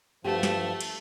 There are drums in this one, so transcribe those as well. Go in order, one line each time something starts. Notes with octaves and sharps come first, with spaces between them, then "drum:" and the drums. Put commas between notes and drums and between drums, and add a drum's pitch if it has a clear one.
G2 F3 A3 F#4 G4
drum: snare
drum: cymbal